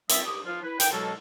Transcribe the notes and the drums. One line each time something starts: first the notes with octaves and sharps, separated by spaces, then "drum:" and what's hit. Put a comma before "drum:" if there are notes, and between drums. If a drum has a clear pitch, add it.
G3 C4 F4 D#5 E5, drum: hi-hat
G4 D#6
F3 F4
E4 B4
G5, drum: hi-hat
B2 F#3 G#3 A#3 A4